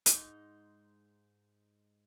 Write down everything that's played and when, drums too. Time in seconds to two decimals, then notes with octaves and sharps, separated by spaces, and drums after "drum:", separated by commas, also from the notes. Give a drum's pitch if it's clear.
0.06 G#2 G#3 D#4, drum: hi-hat